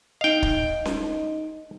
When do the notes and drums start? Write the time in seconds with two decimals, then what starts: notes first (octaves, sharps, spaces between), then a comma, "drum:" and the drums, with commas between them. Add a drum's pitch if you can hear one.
0.21 D#4 D#5 F5 G5
0.43 drum: kick
0.85 drum: snare C#4